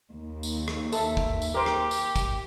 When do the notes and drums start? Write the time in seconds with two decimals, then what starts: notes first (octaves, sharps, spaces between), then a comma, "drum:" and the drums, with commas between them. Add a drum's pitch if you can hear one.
0.12 D#2
0.43 drum: tambourine
0.68 drum: rim click
0.92 A4 E5, drum: tambourine
1.17 drum: kick
1.42 drum: tambourine
1.54 G4 A#4 C5 G5 D6
1.66 drum: rim click
1.91 drum: tambourine
2.16 drum: kick, tambourine